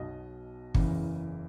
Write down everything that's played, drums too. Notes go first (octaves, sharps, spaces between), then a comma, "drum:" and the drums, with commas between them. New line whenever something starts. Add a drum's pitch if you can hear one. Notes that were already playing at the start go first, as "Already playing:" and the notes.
Already playing: B1 B2 D#5
F#1 E2 C#3 E3, drum: kick